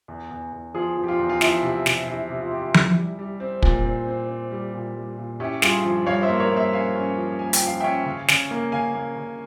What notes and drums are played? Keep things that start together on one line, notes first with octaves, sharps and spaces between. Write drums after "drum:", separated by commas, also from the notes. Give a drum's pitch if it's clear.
E2
E2
E2
F3 F4 G#4
F3
G4
F4
E2
F4
F3 E4, drum: snare
C3
C3, drum: snare
C3 E4
C3
F4
C4 G4
F4
E4, drum: tom F3
G3
G3
C4
A#2, drum: kick
C4
C4
C4
G3
A#2
G3
A#2
C#4 E4 G4
G2 F4 G#4, drum: snare
F3
G2 C#5 F5
C5 E5
A#3
A#4 C#5
A#3
C5 E5
C#4 F5 G#5
C#4
F3
A#3 G#5
G5, drum: hi-hat
F3
F5
C#4 E5 G5
C#3
C#3, drum: snare
A#3
C#3 F5 G#5
A#3
C#3